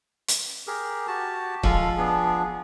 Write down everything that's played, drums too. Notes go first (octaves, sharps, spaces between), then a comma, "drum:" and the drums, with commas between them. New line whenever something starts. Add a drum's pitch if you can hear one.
drum: hi-hat
G4 G#4 A#4
F#4 G4 A5
F3 G#3 A4 F5, drum: kick
B3 D4 G#4